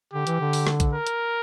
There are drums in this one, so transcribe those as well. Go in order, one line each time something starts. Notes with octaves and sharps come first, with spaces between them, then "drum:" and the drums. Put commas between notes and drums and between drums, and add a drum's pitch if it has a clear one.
D3 G4
E3, drum: hi-hat
D3
drum: open hi-hat
drum: rim click
drum: kick B1, hi-hat
A#4
drum: hi-hat